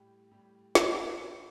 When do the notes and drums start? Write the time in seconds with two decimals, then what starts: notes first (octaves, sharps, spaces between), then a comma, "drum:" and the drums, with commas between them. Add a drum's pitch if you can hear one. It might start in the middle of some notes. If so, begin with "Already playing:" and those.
Already playing: A2 G3 G4
0.31 A2 G3 G4
0.75 F3, drum: snare
1.18 A2